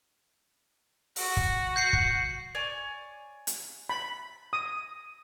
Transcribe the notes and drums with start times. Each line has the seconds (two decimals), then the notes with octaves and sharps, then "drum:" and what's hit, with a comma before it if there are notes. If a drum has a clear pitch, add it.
1.16 F#4, drum: open hi-hat
1.37 drum: kick
1.76 G6 C7 C#7
1.93 drum: kick
2.55 C#5 D5 G#5
3.47 drum: hi-hat
3.89 B5
4.53 D#6